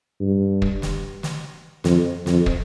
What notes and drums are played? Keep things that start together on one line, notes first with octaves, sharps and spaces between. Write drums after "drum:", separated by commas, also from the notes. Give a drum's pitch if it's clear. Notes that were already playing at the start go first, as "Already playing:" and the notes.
G2
drum: kick
drum: snare
drum: snare
F2, drum: snare
F2, drum: snare
drum: kick